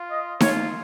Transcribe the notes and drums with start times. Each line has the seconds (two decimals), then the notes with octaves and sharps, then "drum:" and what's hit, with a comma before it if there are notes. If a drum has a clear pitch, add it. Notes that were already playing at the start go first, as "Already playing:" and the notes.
Already playing: F4
0.11 D#5
0.40 F4 C#5, drum: snare D#4